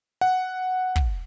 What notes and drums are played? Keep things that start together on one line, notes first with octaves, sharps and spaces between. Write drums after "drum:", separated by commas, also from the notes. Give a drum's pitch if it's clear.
F#5
drum: kick